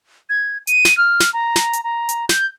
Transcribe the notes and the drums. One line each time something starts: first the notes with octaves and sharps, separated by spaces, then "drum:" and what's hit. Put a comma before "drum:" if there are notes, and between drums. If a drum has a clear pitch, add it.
G#6
D#7, drum: hi-hat
drum: snare
F6
drum: snare
A#5
drum: snare
drum: hi-hat
A#5
drum: hi-hat
G6, drum: snare